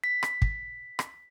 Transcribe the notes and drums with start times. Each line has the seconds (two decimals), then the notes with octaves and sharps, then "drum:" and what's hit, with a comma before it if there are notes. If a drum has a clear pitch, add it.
0.04 B6
0.23 drum: rim click
0.42 drum: kick
0.99 drum: rim click